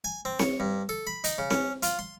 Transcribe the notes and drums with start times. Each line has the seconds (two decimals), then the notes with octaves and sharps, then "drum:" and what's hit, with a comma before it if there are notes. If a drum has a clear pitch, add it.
0.04 G#5
0.25 C4
0.39 C#5, drum: snare C4
0.60 G2
0.89 A4
1.07 B5
1.24 D#4, drum: hi-hat
1.38 C#3
1.50 C#4, drum: snare C4
1.83 F4, drum: hi-hat
1.99 C6